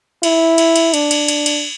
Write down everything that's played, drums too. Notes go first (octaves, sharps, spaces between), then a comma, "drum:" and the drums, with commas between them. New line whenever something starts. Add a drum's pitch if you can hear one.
E4, drum: cymbal
drum: cymbal
drum: cymbal
D4, drum: cymbal
drum: cymbal
drum: cymbal
drum: cymbal